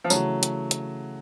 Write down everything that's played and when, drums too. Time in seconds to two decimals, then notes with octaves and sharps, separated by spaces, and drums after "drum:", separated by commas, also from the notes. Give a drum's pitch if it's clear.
0.04 F3
0.10 C#3 E3 F#3 A3, drum: tambourine
0.43 drum: hi-hat
0.71 drum: hi-hat